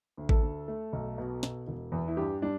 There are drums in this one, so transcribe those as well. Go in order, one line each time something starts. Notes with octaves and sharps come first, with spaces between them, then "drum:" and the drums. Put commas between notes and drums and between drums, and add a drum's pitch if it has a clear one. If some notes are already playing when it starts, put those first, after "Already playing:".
D2
A4, drum: kick A1
D2
A3
B1
B2
B2, drum: snare
E1
E2
E4
G2 G4
G3 D4